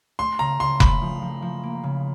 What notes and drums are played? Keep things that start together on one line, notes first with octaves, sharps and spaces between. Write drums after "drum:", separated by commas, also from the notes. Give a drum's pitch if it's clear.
A3 C6
C#3 A#5
C#3 C6
A3 B5, drum: kick F1
F3
F3
F3
A#3
C#3